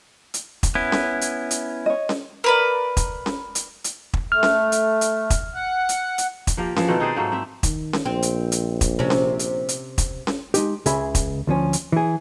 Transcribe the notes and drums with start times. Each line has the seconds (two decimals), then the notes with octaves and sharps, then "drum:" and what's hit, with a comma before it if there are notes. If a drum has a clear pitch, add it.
0.34 drum: hi-hat
0.63 drum: kick, hi-hat
0.75 B3 C#4 E4
0.92 drum: snare C#4
1.21 drum: hi-hat
1.51 drum: hi-hat
1.86 C#5 D#5
2.09 drum: snare C#4
2.44 A#4 B4 D5
2.97 drum: kick, hi-hat
3.26 drum: snare C#4
3.55 drum: hi-hat
3.84 drum: hi-hat
4.14 drum: kick
4.32 A3 F6
4.43 drum: snare C#4
4.72 drum: hi-hat
5.01 drum: hi-hat
5.30 drum: kick, hi-hat
5.54 F#5
5.89 drum: hi-hat
6.18 drum: hi-hat
6.47 drum: kick, hi-hat
6.57 F3 A#3 G4 A#4
6.76 E3 F3, drum: snare C#4
6.88 B2 D#3 A3 C4
7.00 D#4 G#4 C5 D5
7.16 G#2 F#3 A3 A#3
7.32 C4 E5
7.63 D#3, drum: kick, hi-hat
7.93 drum: snare C#4
8.05 A#1 C4
8.22 drum: hi-hat
8.52 drum: hi-hat
8.81 drum: kick, hi-hat
8.99 C3 C#4
9.10 drum: snare C#4
9.39 drum: hi-hat
9.69 drum: hi-hat
9.98 drum: kick, hi-hat
10.27 drum: snare C#4
10.54 G#3 D#4 G4, drum: hi-hat
10.86 C#2 C#3 G#4 E5 B5, drum: hi-hat
11.15 drum: kick, hi-hat
11.47 D2 F3 C#4
11.73 drum: hi-hat
11.92 E3 G#4